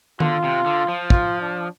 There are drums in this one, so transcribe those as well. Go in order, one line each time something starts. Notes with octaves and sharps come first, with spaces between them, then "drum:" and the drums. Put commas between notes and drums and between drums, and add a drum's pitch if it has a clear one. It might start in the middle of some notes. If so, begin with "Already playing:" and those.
D3 F4, drum: tom D#3
C3
D3
F3
F4, drum: kick
D4